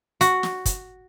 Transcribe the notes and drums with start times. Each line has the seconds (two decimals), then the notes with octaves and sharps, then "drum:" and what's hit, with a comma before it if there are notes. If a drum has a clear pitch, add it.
0.21 F#4, drum: hi-hat
0.43 drum: snare
0.66 drum: kick, hi-hat